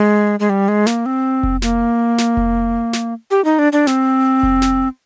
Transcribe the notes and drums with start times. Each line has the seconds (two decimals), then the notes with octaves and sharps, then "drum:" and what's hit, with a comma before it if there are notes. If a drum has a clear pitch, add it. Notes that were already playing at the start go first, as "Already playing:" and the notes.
Already playing: G#3
0.40 G#3
0.50 G3
0.68 G#3
0.87 A#3, drum: snare
1.06 C4
1.43 drum: kick F1
1.62 A#3, drum: snare
2.18 drum: snare
2.37 drum: kick F1
2.93 drum: snare
3.31 G4
3.45 D#4
3.59 D4
3.73 D4
3.87 C4, drum: snare
4.43 drum: kick F1
4.62 drum: snare